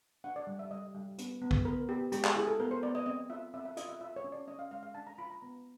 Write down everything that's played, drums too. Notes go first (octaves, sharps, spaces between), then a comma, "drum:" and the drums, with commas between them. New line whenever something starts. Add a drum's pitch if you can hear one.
D4 F#5
D5
G3
E5
G3 D#5
G3
B3, drum: hi-hat
B3
drum: kick
B3 A#4
B3 G4
G#3 G4, drum: hi-hat
G#4, drum: clap
E4 G#4
A4
B3 A#4
C5
B3 D5
D#5
C4 D#5
F4 E5
C4 E5
E5
F4 D#5, drum: hi-hat
E5
F4 E5
C#5
C#4
D5
C#4 D#5
F5
G#3 F5
F5
D4 A5
A#5
F4 B5
A#5
B3 A#5